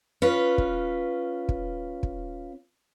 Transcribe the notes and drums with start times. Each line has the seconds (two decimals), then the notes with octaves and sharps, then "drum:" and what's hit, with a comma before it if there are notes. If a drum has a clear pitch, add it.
0.22 C#4 F4 B4
0.58 drum: kick
1.49 drum: kick
2.03 drum: kick